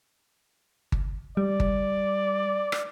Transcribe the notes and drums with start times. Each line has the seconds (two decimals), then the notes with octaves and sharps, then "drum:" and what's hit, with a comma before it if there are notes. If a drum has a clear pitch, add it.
0.92 drum: kick G1
1.37 G3 D5
1.60 drum: kick G1
2.72 drum: rim click